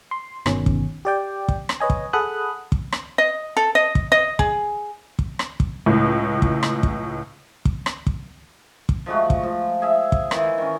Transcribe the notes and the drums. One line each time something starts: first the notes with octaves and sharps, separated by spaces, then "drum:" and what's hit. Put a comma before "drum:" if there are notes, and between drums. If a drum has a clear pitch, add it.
C6
G1 B2 D#3 C#4, drum: rim click
drum: kick
G4 D5 G5
drum: kick
drum: rim click
B4 C#5 D#5 G#5
drum: kick
G#4 A4 F#5 B5 D#6 F#6
drum: kick
drum: rim click
D#5
A4
D#5
drum: kick
D#5
G#4, drum: kick
drum: kick
drum: rim click
drum: kick
C#2 A2
drum: kick
drum: rim click
drum: kick
drum: kick
drum: rim click
drum: kick
drum: kick
F3 G#3 A3 F#4
drum: kick
F3
G#4 E5
drum: kick
D#3 E3, drum: rim click
D#3 C#4